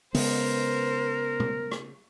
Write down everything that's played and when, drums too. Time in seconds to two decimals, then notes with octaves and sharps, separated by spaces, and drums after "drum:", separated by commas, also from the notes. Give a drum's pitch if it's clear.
0.14 C#3 G#3 B3 A#4 C5, drum: open hi-hat
1.40 drum: tom B2
1.72 drum: rim click